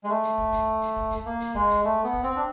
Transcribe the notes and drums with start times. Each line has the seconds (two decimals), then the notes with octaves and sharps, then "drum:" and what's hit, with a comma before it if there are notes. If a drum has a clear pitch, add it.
0.04 G#3
0.09 A3
0.23 drum: hi-hat
0.38 drum: kick
0.53 drum: kick, hi-hat
0.82 drum: hi-hat
0.96 drum: kick
1.11 drum: kick, hi-hat
1.26 A#3
1.40 drum: hi-hat
1.54 G#3, drum: kick
1.69 drum: kick, hi-hat
1.84 A3
2.04 B3
2.13 drum: kick
2.23 C4
2.36 D4